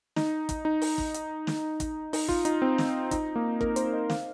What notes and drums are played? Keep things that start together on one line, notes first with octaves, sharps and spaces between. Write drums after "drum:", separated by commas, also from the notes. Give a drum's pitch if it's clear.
D#4, drum: snare
drum: kick, hi-hat
D#4
drum: open hi-hat
drum: kick
drum: hi-hat
drum: snare
drum: kick, hi-hat
D#4, drum: open hi-hat
F4, drum: kick
D#4, drum: hi-hat
C4
drum: snare
D#4, drum: kick, hi-hat
A#3
A#4, drum: kick
C5, drum: hi-hat
D#5
F5, drum: snare